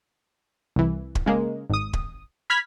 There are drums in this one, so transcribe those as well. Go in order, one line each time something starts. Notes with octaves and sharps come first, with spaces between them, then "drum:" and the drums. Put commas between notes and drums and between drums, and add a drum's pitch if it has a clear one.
C2 E3
drum: kick
C#3 G#3 A#3
G#1 D#6
drum: kick
B5 F6 G#6 B6